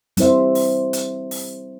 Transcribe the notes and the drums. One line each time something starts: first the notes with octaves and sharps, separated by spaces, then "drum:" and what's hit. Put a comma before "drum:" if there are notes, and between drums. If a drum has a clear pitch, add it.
G3 C4 E4 C5 E5, drum: hi-hat
drum: open hi-hat
drum: hi-hat
drum: open hi-hat